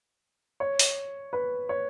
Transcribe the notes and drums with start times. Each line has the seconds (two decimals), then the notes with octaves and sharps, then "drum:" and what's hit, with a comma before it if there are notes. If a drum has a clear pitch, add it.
0.60 C#5
0.79 drum: open hi-hat
1.33 B4
1.69 C#5